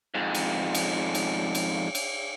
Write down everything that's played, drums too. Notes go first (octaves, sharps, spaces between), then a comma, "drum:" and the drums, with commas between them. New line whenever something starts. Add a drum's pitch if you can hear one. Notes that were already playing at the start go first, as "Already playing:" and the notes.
F2 G#2
drum: cymbal
drum: cymbal
drum: cymbal
drum: cymbal
drum: cymbal